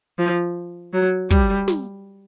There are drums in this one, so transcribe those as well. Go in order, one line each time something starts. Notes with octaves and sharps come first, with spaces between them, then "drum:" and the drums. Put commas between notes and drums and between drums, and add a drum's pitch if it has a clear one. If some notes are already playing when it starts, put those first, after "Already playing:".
F3
F#3
G3, drum: kick
drum: snare